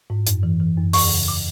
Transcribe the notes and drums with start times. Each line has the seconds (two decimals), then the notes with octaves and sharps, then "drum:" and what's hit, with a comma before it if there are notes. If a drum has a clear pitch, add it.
0.10 G#2
0.27 F#2, drum: hi-hat
0.43 E3
0.60 E3
0.77 F#2
0.93 E2 C#6, drum: open hi-hat
1.11 C#3
1.28 D6